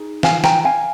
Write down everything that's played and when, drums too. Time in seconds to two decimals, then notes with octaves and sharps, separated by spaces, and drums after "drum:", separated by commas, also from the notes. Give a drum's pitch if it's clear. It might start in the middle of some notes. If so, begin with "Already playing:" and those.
Already playing: D#4 G#4
0.23 F5 G#5, drum: snare
0.44 G5 A#5, drum: snare
0.65 F5 G#5